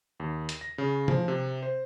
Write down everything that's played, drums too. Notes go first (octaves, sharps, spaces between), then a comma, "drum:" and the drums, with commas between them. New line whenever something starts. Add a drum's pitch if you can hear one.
D#2
drum: hi-hat
A#6
C#3
F3, drum: tom C3
C3
C5